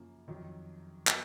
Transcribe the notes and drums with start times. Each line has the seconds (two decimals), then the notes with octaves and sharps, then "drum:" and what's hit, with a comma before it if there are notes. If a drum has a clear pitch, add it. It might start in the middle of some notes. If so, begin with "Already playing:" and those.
Already playing: F#2 C#3 F3 A#3
0.28 F2 D#3 F#3
1.07 F#3 B3, drum: clap